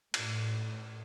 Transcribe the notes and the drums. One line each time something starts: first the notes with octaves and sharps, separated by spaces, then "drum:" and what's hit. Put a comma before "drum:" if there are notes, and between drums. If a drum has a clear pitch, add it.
A2, drum: cymbal